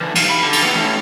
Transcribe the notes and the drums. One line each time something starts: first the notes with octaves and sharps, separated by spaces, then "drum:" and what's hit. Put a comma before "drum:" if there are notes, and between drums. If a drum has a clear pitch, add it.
D3 E3
B1 F5, drum: cymbal
B5
D3
drum: cymbal
E3 B3
A3 C#4